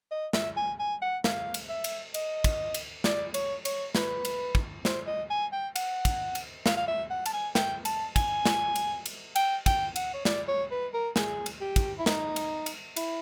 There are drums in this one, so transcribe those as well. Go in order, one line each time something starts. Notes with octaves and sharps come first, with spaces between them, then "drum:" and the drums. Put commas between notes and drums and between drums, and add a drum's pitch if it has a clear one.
D#5
E5, drum: snare
G#5
G#5
F#5
F5, drum: snare
drum: cymbal
E5
drum: cymbal
D#5, drum: cymbal
drum: kick, cymbal
drum: cymbal
D5, drum: snare
C#5, drum: cymbal
C#5, drum: cymbal
B4, drum: snare
drum: cymbal
drum: kick
C5, drum: snare
D#5
G#5
G5
F#5, drum: cymbal
drum: kick, cymbal
drum: cymbal
F5, drum: snare
F5
E5
F#5
A5, drum: cymbal
G#5
G5, drum: snare
A5, drum: cymbal
G#5, drum: kick, cymbal
drum: snare
drum: cymbal
drum: cymbal
G5, drum: cymbal
G5, drum: kick, cymbal
F#5, drum: cymbal
C#5
D5, drum: snare
C#5
B4
A#4
G#4, drum: snare
drum: cymbal
G4
drum: kick, cymbal
E4
D#4, drum: snare
drum: cymbal
drum: cymbal
E4, drum: cymbal